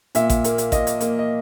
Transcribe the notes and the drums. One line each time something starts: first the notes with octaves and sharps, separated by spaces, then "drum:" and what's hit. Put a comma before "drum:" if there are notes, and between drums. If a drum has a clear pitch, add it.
A#2 E5, drum: hi-hat
drum: kick A1, hi-hat
A#3, drum: hi-hat
drum: hi-hat
A#2 D#5, drum: kick A1, hi-hat
drum: hi-hat
A#3, drum: hi-hat
D#5